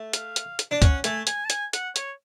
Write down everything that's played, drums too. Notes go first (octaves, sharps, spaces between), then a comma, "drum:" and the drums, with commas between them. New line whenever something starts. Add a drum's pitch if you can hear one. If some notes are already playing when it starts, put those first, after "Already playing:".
Already playing: A3
F5, drum: hi-hat
drum: hi-hat
drum: hi-hat
D4
C#4 F#5, drum: kick, hi-hat
A3 G#5, drum: hi-hat
G#5, drum: hi-hat
A5
G#5, drum: hi-hat
F#5, drum: hi-hat
C#5, drum: hi-hat